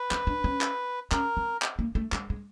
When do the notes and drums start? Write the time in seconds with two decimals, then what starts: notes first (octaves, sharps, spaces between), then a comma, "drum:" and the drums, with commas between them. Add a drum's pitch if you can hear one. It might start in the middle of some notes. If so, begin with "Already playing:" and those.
Already playing: B4
0.11 C#4, drum: clap
0.27 D4
0.44 C#4
0.61 drum: clap
1.12 C#4 A#4, drum: clap
1.37 C4
1.62 drum: clap
1.79 A#3
1.95 A3
2.12 G#3, drum: clap
2.30 G#3